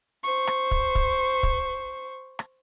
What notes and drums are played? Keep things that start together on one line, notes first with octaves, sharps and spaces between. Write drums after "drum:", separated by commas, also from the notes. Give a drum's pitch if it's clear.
C5 C#6
drum: rim click
drum: kick
drum: kick
drum: kick
drum: rim click